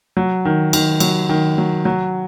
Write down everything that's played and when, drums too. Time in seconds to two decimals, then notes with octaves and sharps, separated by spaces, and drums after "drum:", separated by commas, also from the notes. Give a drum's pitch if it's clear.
0.17 F#3
0.45 D#3
0.73 D#3, drum: cymbal
1.00 F#3, drum: cymbal
1.29 D#3
1.58 F#3
1.85 F#3